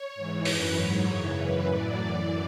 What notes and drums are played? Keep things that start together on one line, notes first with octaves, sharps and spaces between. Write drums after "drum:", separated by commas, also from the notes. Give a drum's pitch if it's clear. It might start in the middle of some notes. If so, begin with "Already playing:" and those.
Already playing: C#5
G#2 E3
F#2 E3 B4, drum: open hi-hat
G#2 F#3 C#5
F#2 C#3 E3 C#5
F#2 E3 B4
A2 F#3 D5
F#2 E3